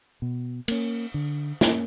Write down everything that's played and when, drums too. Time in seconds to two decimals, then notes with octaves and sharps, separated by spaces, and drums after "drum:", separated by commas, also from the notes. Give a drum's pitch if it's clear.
0.22 B2
0.68 A#3 C#4, drum: cymbal
1.14 D3
1.61 A#3 C#4, drum: snare